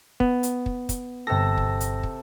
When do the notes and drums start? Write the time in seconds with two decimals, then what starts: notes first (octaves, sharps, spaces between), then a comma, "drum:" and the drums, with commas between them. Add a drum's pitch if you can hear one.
0.20 B3, drum: kick
0.43 drum: hi-hat
0.66 drum: kick
0.89 drum: kick, hi-hat
1.27 G1 C3 A4 A#6
1.58 drum: kick
1.80 drum: hi-hat
2.03 drum: kick